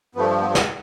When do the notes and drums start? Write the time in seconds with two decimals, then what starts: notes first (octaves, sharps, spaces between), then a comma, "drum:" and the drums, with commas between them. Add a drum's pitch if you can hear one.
0.15 G2 F3 A3 B3
0.29 A3
0.41 B3
0.55 B3, drum: snare